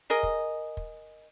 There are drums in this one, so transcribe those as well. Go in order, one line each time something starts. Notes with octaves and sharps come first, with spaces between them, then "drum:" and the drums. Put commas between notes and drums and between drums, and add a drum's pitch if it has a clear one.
G#4 A#4 D#5
drum: kick
drum: kick